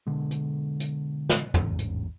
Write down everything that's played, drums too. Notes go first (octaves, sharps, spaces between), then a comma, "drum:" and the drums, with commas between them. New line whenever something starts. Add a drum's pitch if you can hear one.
B2 D3 G#3
drum: hi-hat
drum: hi-hat
drum: snare
A1 E2 G#2 C#4, drum: tom
drum: hi-hat